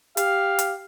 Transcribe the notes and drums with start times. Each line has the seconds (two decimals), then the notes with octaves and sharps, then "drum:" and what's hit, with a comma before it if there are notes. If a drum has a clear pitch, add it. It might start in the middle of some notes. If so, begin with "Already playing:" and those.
0.17 G4 F5, drum: hi-hat
0.59 drum: hi-hat